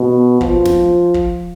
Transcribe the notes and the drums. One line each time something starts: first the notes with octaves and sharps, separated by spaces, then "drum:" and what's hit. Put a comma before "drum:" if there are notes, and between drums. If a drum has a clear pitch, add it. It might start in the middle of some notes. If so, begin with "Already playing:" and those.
Already playing: B2
F3, drum: kick
drum: snare
drum: kick